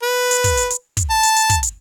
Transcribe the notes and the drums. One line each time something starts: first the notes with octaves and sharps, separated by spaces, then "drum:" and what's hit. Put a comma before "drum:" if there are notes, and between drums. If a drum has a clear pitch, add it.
B4
drum: hi-hat
drum: kick, hi-hat
drum: hi-hat
drum: hi-hat
drum: kick, hi-hat
A5
drum: hi-hat
drum: hi-hat
drum: kick, hi-hat
drum: hi-hat